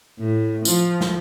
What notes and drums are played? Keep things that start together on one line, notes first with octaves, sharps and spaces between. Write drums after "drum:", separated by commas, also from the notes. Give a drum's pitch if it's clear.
A2
F3, drum: tambourine
drum: snare